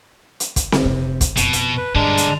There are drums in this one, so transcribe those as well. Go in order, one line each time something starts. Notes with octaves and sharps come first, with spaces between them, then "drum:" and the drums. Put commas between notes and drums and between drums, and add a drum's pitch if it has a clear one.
drum: hi-hat
drum: kick, hi-hat
drum: snare C4
F1 C3
drum: kick, hi-hat
F2 B2 F4, drum: hi-hat
drum: hi-hat
B4
G2 D3 G#3 D4 A#4
drum: hi-hat